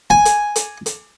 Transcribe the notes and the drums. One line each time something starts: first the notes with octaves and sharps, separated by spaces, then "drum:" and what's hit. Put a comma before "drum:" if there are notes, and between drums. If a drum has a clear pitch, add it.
G#5
drum: hi-hat
drum: hi-hat
drum: hi-hat